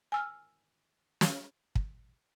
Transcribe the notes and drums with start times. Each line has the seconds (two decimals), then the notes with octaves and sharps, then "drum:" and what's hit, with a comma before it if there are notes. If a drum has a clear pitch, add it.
0.12 G#5 E6 F6
1.21 drum: snare
1.75 drum: kick